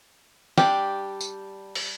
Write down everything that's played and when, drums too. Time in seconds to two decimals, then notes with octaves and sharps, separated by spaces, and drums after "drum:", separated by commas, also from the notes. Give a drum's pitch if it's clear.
0.58 G3 D4 G4, drum: snare
1.21 drum: tambourine
1.75 drum: open hi-hat